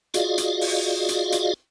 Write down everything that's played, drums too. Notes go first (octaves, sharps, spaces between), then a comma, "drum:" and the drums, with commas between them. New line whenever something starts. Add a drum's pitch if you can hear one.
F4 F#4 G#4 D5 D#5 F5, drum: hi-hat
drum: hi-hat
drum: open hi-hat
drum: hi-hat
drum: hi-hat